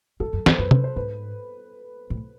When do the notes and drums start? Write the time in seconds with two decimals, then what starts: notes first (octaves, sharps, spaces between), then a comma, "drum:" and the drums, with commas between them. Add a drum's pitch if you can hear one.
0.20 G#2 A4
0.33 F#2
0.46 G2 C5, drum: snare
0.58 F#2 B4
0.71 B4, drum: tom
0.84 C5
0.96 G#2 B4
2.10 A2